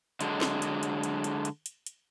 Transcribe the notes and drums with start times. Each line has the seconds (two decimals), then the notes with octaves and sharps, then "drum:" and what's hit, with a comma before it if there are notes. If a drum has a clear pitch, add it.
0.21 D3 F#3 G#3, drum: hi-hat
0.41 drum: snare
0.62 drum: hi-hat
0.83 drum: hi-hat
1.04 drum: hi-hat
1.24 drum: hi-hat
1.45 drum: hi-hat
1.66 drum: hi-hat
1.86 drum: hi-hat